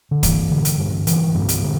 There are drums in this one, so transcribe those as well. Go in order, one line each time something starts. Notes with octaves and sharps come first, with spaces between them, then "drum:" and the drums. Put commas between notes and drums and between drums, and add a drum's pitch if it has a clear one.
D3
G2 E3, drum: kick, hi-hat
D3
drum: hi-hat
G2
D3 E3, drum: hi-hat
G2
drum: hi-hat
D3